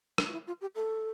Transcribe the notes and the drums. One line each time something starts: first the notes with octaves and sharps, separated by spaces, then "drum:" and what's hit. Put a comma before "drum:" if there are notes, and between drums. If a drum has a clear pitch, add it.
D4, drum: rim click
F4
E4
F4
G4
A4